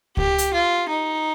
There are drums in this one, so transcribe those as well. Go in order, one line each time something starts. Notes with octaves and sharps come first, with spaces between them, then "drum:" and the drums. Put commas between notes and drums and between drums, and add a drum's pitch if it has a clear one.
G4, drum: kick C#2
drum: hi-hat
F4
D#4